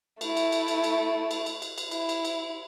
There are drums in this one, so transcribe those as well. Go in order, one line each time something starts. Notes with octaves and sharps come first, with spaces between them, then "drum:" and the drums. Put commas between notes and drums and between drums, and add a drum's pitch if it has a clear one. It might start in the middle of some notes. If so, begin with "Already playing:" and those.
A3 E4, drum: cymbal
drum: cymbal
drum: cymbal
drum: cymbal
drum: cymbal
drum: cymbal
drum: cymbal
drum: cymbal
drum: cymbal
E4, drum: cymbal
drum: cymbal
drum: cymbal